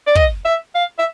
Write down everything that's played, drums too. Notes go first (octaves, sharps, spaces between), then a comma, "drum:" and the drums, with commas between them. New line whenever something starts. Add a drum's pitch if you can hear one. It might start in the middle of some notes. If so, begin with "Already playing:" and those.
D5
D#5, drum: kick
E5
F5
E5